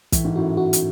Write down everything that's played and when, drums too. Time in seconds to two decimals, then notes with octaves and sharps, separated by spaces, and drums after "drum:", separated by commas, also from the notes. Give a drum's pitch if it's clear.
0.12 A2 E3, drum: kick, hi-hat
0.24 G#2
0.36 F#2 A2 F#4
0.57 F#4
0.73 drum: hi-hat